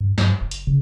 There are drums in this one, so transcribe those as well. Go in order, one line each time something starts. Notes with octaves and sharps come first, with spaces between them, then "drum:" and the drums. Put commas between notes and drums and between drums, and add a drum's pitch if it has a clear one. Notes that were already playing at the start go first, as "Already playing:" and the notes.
G2
G2, drum: snare
F#1
drum: hi-hat
C#3